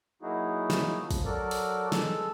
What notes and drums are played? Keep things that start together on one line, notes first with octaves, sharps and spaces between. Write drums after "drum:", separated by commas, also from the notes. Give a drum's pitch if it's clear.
F#3 A#3 D#4 E4 F#4 G#4
drum: snare
F3
drum: kick, open hi-hat
F#3 F#4 A4 A#4 D5
drum: open hi-hat
G#3 A4 E6, drum: snare